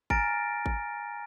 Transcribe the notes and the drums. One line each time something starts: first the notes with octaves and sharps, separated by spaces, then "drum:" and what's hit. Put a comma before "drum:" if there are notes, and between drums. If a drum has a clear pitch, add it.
G#5 A#5 F6 A6 A#6 D7, drum: kick G#1
drum: kick G#1